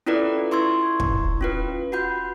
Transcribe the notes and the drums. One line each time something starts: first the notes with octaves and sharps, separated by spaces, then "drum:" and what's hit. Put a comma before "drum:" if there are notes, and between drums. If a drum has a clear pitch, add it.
C#4 E4 F4 A4 B4 D5
E4 C6 C#6 E6 G#6
drum: kick
C#4 F4 B4
F#4 F#5 B5 G6